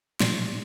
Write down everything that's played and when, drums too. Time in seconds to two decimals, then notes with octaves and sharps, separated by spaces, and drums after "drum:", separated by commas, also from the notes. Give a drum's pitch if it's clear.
0.20 A#2, drum: snare